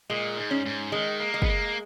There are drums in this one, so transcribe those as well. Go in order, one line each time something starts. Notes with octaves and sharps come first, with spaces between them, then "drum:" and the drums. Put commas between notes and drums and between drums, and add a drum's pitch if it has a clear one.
A#2 G#3
G#2
C#4
G#2
D#3 G#3
A#3
G#3
B3, drum: kick
A#3